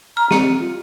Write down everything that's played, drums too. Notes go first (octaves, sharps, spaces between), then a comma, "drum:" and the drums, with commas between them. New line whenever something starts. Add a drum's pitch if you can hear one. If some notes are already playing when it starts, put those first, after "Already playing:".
A#5 F6
C4 G4 C#7, drum: snare
F4